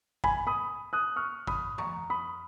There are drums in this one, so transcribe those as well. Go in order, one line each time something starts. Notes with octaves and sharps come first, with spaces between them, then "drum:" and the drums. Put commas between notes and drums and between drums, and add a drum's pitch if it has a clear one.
G#5 B5, drum: kick
B5 D#6
D#6 F#6
C#6 F6
B5 D#6, drum: kick
A#5 C#6, drum: tom F2
B5 D#6